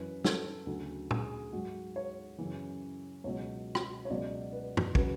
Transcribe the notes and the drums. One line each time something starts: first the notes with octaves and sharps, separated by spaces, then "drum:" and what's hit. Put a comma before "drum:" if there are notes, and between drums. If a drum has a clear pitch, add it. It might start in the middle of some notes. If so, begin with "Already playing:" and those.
Already playing: F#2 E3 B4
A4, drum: snare
D2 C#3 F#3
G#4, drum: tom
G#2 F#3 F#4
C#5
F#2 C#3 E3
C#2 B2 F#3 C#5
drum: rim click
C#5
C#2 B2 F#3 D5
B4
drum: tom
C#3 F#3 B4, drum: kick